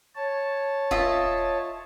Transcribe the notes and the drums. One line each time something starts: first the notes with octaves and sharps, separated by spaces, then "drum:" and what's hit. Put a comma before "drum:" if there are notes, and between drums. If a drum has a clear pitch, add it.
C#5 A5
F4 D#5 E5, drum: kick D#1